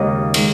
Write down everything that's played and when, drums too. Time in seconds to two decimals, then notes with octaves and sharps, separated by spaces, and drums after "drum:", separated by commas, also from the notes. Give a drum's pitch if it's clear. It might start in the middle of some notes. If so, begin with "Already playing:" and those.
Already playing: D#2 C#3 G#3 D#5
0.34 D#3 G#3, drum: cymbal